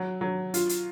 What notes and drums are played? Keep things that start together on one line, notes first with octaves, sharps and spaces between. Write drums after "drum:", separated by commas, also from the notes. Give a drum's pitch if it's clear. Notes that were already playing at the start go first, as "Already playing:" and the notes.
Already playing: F#3
F#3
F4, drum: hi-hat
drum: hi-hat